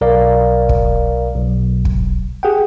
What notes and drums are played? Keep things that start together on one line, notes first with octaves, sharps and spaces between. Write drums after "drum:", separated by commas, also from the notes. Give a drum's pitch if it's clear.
B1 A#4 D5 F5
drum: kick
B1
drum: kick
G4 G#4 F#5 G5